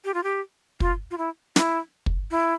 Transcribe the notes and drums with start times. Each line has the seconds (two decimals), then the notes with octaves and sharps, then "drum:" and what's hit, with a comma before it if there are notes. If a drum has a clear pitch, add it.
0.05 G4
0.14 F4
0.23 G4
0.80 F4, drum: kick
1.11 F4
1.18 E4
1.56 E4, drum: snare
2.06 drum: kick
2.31 E4